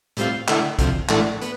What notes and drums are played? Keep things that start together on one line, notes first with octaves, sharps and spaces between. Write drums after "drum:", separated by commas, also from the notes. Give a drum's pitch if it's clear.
A2 G3 C4 F4, drum: hi-hat
D3 A3 E4, drum: clap
D2 C3 F3, drum: kick, hi-hat
A2 E3 A3 D4, drum: clap
B3, drum: hi-hat